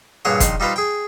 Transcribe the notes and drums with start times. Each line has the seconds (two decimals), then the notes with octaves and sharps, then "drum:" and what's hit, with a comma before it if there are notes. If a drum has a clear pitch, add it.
0.25 G2 A#2 G#4 C#5 F#5
0.40 A#1 D#3 C6, drum: kick, hi-hat
0.60 G3 D#4 F4 B4 C5
0.76 G#4 G5